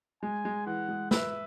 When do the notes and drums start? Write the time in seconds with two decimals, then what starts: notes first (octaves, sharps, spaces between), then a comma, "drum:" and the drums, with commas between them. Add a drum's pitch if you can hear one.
0.23 G#3 G#5
0.45 G#3
0.66 E3 F#5
0.89 G#3
1.11 B4 E5, drum: snare